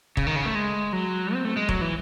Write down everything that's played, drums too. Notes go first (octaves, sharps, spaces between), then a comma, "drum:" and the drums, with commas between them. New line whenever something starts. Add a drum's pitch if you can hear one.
C#3, drum: kick D#1
D#3
C#3
A3
G#3
F#3
C4
A3
G#3
F#3, drum: kick D#1
E3